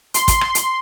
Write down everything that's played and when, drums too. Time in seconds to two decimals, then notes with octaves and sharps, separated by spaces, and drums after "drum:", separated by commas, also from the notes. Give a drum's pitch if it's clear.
0.14 C6, drum: hi-hat
0.28 drum: kick, hi-hat
0.41 drum: rim click
0.55 drum: hi-hat